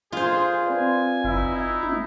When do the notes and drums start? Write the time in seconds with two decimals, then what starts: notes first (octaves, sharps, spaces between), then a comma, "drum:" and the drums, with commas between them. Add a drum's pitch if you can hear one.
0.12 F4 G#4 C5
0.66 C4 B4 D5 G#5
1.24 D#4 E4, drum: kick F#1
1.83 drum: tom